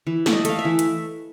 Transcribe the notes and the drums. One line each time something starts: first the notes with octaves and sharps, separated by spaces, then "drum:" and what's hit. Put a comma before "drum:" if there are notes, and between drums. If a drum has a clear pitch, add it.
E3
A3, drum: snare
D#5
A3 F5, drum: hi-hat
E5
E3
drum: hi-hat